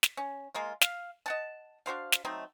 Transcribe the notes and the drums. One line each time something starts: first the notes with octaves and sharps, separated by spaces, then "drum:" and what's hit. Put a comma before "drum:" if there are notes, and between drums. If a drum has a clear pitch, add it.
drum: snare
C#4
G#3 A#3 F4
F5, drum: snare
D#5 F#5 A5
D4 F#4 C5 F5
drum: snare
F#3 A3 C4 D#4